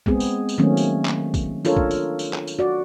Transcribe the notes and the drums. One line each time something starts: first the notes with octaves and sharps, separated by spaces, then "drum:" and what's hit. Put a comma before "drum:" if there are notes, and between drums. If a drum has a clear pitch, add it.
G#3 B3 C4 G#4, drum: kick A#1
drum: tambourine
drum: tambourine
D#3 F#3 A3 A#3 C4 C#4
drum: tambourine
drum: clap
drum: kick A#1, tambourine
D4 F4 A4 A#4 C#5, drum: tambourine
drum: kick A#1
drum: tambourine
drum: tambourine
drum: clap
drum: tambourine
F#4 D5